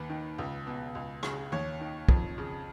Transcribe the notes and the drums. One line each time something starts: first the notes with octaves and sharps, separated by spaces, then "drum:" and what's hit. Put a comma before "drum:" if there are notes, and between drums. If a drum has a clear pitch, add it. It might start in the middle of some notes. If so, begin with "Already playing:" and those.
Already playing: D#2 B4
D#3
C#2
B2
C#2
C#3, drum: rim click
D#2 C#5
D#3
F2, drum: kick
C#3